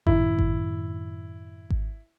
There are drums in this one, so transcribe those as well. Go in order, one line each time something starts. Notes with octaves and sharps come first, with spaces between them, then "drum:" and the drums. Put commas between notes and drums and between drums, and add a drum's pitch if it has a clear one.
F#2 A2 D#3 E4, drum: kick G#1
drum: kick G#1
drum: kick G#1